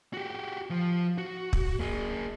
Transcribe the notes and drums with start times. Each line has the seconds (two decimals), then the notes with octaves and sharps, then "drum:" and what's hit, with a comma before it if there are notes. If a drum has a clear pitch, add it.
0.13 F#4 G4
0.70 F3
1.18 F#4
1.53 drum: kick
1.80 A#3 G#4